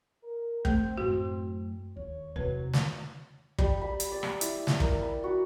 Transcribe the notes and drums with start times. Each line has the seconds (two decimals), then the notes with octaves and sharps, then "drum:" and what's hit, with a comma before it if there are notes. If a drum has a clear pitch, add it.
0.23 A#4
0.65 A3 C4, drum: kick
0.98 F#2 A2 F#4
1.97 D#2 C#5
2.36 E2 C3 F#3 B4
2.73 drum: snare
3.58 G3, drum: kick
3.81 B5
4.00 drum: hi-hat
4.12 D5
4.23 drum: rim click
4.41 E4, drum: hi-hat
4.67 D5, drum: snare
4.80 A#4, drum: kick
5.01 B5
5.24 F#4